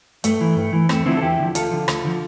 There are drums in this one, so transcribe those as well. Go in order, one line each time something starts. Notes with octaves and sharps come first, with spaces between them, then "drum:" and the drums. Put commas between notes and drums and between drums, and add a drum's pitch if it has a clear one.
G2 A3, drum: hi-hat
E3
G2
E3
E2 A3 C4, drum: rim click
D3 F3 C4 E4
A4
E2 E4 G4
D3 F3
D2 F4 A4, drum: hi-hat
D3 F3
D2, drum: rim click
D3 F3